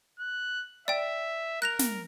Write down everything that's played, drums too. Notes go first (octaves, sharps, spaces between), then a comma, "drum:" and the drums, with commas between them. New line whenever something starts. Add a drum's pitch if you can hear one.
F#6
D5 E5 G5
A#4 F#6 A#6 F7
drum: snare